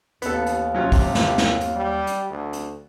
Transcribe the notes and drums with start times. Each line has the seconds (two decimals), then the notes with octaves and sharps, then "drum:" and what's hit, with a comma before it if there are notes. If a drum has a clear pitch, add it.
0.22 A1 D#2 B3 A4, drum: hi-hat
0.46 drum: hi-hat
0.75 C3 F#3 C#4 F4
0.92 drum: kick, open hi-hat
1.15 drum: snare
1.38 drum: snare
1.61 drum: hi-hat
1.76 G3
2.07 drum: hi-hat
2.30 D2
2.53 drum: hi-hat